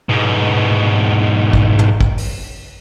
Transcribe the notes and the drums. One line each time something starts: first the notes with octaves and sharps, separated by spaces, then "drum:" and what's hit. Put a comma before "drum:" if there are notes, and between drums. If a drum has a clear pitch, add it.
G#2 B2
drum: kick
drum: tom
drum: kick
drum: open hi-hat